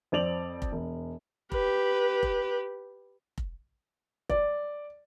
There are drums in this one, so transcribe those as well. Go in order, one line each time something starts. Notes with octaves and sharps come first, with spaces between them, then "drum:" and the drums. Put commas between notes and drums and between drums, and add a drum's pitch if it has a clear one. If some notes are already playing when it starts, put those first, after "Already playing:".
F2 C4 D5 F7 F#7
drum: kick F1
E1
G4 B4, drum: kick F1
drum: kick F1
drum: kick F1
D5, drum: kick F1